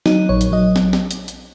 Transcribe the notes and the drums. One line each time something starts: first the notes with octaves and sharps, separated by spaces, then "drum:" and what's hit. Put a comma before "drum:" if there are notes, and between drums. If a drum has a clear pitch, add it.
F#3 D#4, drum: snare
A#1 C#5
drum: hi-hat
F#3 D#5
drum: snare
drum: snare
drum: hi-hat
drum: hi-hat